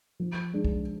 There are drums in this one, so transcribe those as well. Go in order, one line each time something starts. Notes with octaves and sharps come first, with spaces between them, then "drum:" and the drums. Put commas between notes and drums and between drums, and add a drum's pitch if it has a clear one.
F3
G#3 D4
drum: kick